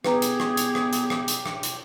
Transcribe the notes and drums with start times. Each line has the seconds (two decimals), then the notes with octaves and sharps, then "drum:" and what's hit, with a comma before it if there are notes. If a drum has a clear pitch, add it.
0.04 B3 G4 G#4 B4 A#5, drum: rim click
0.22 drum: hi-hat
0.40 drum: rim click
0.57 drum: hi-hat
0.75 drum: rim click
0.93 drum: hi-hat
1.10 drum: rim click
1.28 drum: hi-hat
1.46 drum: rim click
1.63 drum: hi-hat